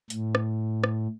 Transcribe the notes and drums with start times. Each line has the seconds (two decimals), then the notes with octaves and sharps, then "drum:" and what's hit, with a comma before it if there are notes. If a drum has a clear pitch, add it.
0.10 A2, drum: hi-hat
0.35 drum: rim click
0.84 drum: rim click